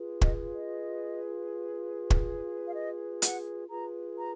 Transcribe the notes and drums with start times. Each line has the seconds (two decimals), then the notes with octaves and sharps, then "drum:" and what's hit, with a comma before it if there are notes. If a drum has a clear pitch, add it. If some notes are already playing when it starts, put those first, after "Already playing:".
Already playing: F4 G#4 B4
0.21 D#5, drum: kick
0.53 D#5
2.10 drum: kick
2.66 F5
2.74 D#5
3.22 F#5, drum: hi-hat
3.69 F4 G#4 B4 A#5
4.17 A#5